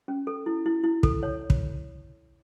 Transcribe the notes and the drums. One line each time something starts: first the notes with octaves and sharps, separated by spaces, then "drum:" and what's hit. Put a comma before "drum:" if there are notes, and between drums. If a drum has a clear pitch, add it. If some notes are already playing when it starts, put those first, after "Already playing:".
C#4
A4
E4
E4
E4
A4, drum: kick
C#5
drum: kick